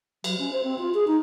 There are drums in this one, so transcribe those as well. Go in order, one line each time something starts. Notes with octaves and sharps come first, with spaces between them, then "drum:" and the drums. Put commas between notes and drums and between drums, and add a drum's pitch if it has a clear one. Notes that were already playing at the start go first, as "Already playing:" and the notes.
F#3, drum: cymbal
C#4
C5
C4
F4
G#4
D#4